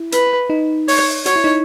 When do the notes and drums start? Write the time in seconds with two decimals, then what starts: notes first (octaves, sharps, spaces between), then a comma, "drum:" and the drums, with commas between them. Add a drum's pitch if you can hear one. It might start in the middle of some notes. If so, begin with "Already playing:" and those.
Already playing: E4
0.12 B4, drum: hi-hat
0.50 D#4
0.88 C#5, drum: open hi-hat
1.26 F#4 C#5, drum: hi-hat
1.36 E4
1.44 D#4